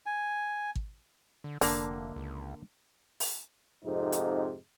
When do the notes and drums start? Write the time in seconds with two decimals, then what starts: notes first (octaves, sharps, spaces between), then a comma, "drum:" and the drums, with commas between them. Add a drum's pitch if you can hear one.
0.06 G#5
0.75 drum: kick
1.44 D3
1.61 F1 D3 A#3 D4, drum: open hi-hat
2.16 C#2
3.20 drum: open hi-hat
3.84 F2 G#2 C3 D#4
4.12 drum: hi-hat